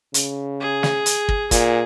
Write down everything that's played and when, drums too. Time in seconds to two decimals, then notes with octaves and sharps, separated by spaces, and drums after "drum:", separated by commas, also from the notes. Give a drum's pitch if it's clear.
0.14 C#3, drum: hi-hat
0.60 G#4
0.83 drum: snare
1.06 drum: hi-hat
1.29 drum: kick
1.51 A#2 G#4, drum: kick, hi-hat